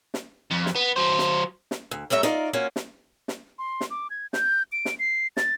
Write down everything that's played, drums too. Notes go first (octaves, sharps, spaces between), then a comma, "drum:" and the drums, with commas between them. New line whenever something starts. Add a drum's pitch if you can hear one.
drum: snare
F2
drum: snare
B3
F#3 C5
drum: snare
drum: snare
D2
G3 A3 C#5 E5 A#5
D#4 F4 A#4 D5, drum: snare
A#3 C#4 F4 F#4
drum: snare
drum: snare
C6
drum: snare
D6
G#6
G6, drum: snare
D7
drum: snare
C7
A6, drum: snare